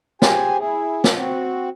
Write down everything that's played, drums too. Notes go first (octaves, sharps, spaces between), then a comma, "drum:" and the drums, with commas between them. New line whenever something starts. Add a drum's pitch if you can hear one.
G4 G#4 C5 G#5, drum: snare
E4 G#4
drum: snare
C4 F#4